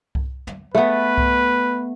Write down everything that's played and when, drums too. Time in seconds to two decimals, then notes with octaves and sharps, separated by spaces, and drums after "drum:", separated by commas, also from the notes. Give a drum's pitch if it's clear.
0.15 drum: kick C2
0.47 drum: tom
0.75 A3 B3 B4
1.18 drum: kick C2